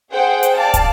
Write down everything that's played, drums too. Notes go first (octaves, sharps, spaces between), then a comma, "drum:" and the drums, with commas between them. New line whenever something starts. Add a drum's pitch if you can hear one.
G#4 C5 F#5 G5
drum: hi-hat
D5 F5 A5
drum: kick, hi-hat